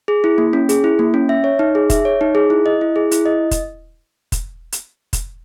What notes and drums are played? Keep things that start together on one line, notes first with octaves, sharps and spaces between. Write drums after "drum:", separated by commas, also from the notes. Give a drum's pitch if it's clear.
G#4
E4
A#3
C#4
G#4, drum: hi-hat
E4
A#3
C#4
E5
C#5
D#4
G#4
E5, drum: kick F1, hi-hat
C#5
D#4
G#4
E4
D#5
E4
G#4
E4, drum: hi-hat
D#5
drum: kick F1, hi-hat
drum: kick F1, hi-hat
drum: hi-hat
drum: kick F1, hi-hat